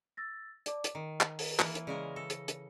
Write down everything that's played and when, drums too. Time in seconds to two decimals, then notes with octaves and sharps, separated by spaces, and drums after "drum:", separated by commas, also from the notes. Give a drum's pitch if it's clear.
0.17 E6 A6 A#6
0.66 D5 A5 D6, drum: hi-hat
0.84 drum: hi-hat
0.95 D#3 A#5
1.21 drum: clap
1.39 drum: open hi-hat
1.59 E3 A#3, drum: clap
1.75 drum: hi-hat
1.87 C#3 G#3 A#4 D5
2.16 A4 A#6
2.30 drum: hi-hat
2.48 drum: hi-hat